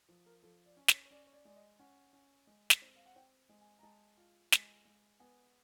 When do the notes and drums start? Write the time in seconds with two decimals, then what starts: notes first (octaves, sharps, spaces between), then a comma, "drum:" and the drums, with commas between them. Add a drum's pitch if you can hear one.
0.09 F3
0.26 A#4
0.43 F3 A4
0.66 D5
0.77 C#4
0.88 C#5, drum: snare
1.05 C#5
1.11 C#4 D5
1.27 C#5
1.33 D5
1.45 G#3 D5
1.56 D#5
1.79 C#4 F#5
2.13 C#4
2.47 G#3
2.70 drum: snare
2.82 C4
2.96 F5
3.06 F#5
3.15 C4 G5
3.49 G#3
3.61 G#5
3.79 A#5
3.83 G#3 A5
4.17 F4
4.52 G#3, drum: snare
4.85 G#3
5.20 B3 G#5